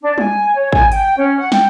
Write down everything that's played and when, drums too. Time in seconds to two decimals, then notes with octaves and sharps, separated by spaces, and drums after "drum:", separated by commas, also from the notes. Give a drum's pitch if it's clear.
0.02 D4
0.18 G#5, drum: tom G3
0.55 C#5
0.72 G#5, drum: kick
0.92 G5, drum: hi-hat
1.18 C#4
1.38 F#5
1.52 G5, drum: snare